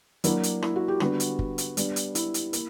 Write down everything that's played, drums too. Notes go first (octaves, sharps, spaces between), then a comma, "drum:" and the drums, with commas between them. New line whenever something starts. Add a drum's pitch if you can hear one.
F#3 A#3 D4 E4, drum: hi-hat
drum: hi-hat
E4, drum: rim click
F#4
G4
D3 G3 B3 D4 F#4, drum: rim click
drum: hi-hat
drum: kick
drum: hi-hat
G3 B3 D4, drum: hi-hat
drum: hi-hat
E4, drum: hi-hat
drum: hi-hat
A#3, drum: hi-hat